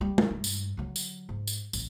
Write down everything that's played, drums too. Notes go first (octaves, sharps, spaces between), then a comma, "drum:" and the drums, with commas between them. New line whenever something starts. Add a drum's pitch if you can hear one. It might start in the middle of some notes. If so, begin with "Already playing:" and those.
G3
drum: tom G#3
G2
drum: tambourine
D3 F#3
drum: tambourine
G#2
drum: tambourine
A1, drum: tambourine